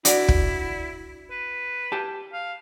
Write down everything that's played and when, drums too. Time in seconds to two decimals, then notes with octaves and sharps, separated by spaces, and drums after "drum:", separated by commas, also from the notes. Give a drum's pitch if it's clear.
0.05 D4 E4 F#4 D5, drum: hi-hat
0.28 drum: kick
1.31 B4
1.92 G4 A5
2.33 F5